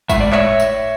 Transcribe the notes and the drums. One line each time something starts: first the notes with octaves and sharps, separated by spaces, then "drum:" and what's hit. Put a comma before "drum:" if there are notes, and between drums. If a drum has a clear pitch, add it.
A2 G#3 E5, drum: kick, tambourine
D5
C#5 E5, drum: clap
drum: tambourine